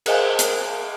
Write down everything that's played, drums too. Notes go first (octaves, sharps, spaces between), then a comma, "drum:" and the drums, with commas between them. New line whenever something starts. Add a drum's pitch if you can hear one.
G#4 A#4 C5 D#5 F5 G#5, drum: cymbal
drum: hi-hat